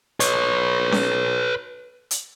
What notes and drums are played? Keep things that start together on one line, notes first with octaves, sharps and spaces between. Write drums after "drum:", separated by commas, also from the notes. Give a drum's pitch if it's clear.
B4 C#5, drum: hi-hat
drum: snare C#4
drum: hi-hat